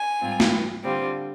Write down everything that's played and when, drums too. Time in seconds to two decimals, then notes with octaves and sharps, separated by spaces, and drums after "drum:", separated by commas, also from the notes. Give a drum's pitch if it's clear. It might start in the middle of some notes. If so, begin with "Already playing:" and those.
Already playing: G#5
0.21 G#2 G3 C4 F4
0.40 drum: snare
0.83 D3 G3 C4 F4